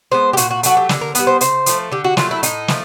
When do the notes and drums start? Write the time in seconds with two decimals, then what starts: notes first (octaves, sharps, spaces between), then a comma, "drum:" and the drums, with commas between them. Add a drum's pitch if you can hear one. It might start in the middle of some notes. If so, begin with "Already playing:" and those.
0.12 G#3 B3 C5
0.33 G4
0.37 A#2 F#4, drum: hi-hat
0.50 F#4
0.63 F#3 A3 F#4, drum: hi-hat
0.77 G4
0.89 D3, drum: snare
1.01 A#4
1.15 G3 B3 B4, drum: hi-hat
1.27 C5
1.41 C#3 C5, drum: hi-hat
1.66 F3 A3, drum: hi-hat
1.91 D3 G4
2.04 F#4
2.17 F#3 A3 F4, drum: snare
2.31 E4
2.43 A2 D#4, drum: hi-hat
2.68 F3 A3, drum: snare